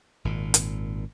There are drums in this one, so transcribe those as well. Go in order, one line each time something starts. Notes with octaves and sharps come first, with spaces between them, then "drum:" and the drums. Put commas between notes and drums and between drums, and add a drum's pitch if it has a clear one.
G#1 A#2
drum: hi-hat